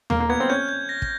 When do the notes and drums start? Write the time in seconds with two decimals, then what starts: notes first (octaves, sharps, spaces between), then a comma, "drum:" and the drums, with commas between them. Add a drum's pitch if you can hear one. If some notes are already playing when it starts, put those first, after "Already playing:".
0.10 A#3 F6, drum: tom D#2
0.20 A#3
0.29 B3 G#6
0.40 C4
0.49 C#4 G6
0.69 G6
0.89 A#6
1.02 drum: kick